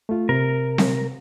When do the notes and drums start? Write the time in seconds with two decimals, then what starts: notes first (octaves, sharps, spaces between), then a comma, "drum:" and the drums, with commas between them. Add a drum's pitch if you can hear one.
0.09 A3 F4
0.29 C3 A#4
0.78 drum: snare C4